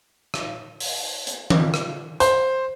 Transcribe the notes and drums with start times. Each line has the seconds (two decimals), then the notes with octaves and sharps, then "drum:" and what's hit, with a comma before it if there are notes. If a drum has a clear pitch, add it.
0.34 drum: rim click
0.80 drum: open hi-hat
1.27 drum: hi-hat
1.50 drum: tom D#3
1.74 drum: rim click
2.20 C5, drum: hi-hat